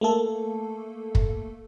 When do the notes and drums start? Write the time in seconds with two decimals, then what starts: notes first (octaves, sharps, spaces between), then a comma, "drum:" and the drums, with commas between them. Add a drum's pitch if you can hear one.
0.01 A3 A#3 A4
1.15 drum: kick